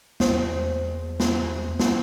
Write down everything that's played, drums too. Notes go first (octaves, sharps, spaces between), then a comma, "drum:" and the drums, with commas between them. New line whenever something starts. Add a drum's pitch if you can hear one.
E2 C5, drum: snare
drum: snare
drum: snare